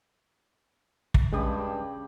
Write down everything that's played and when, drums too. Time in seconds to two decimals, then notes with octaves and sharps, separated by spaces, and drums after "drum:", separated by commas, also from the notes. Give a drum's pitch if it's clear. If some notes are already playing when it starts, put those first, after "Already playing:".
1.14 drum: kick
1.33 G2 C#3 G#3 G4 B5 D#6